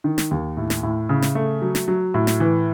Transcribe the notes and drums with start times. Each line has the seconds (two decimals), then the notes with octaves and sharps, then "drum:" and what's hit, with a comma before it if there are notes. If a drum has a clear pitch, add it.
0.04 D#3
0.18 drum: snare
0.31 D#2
0.57 A2
0.70 drum: snare
0.83 A2
1.09 C#3
1.22 drum: snare
1.35 A3
1.62 F#3
1.75 drum: snare
1.88 F#3
2.14 A2
2.27 drum: snare
2.40 E3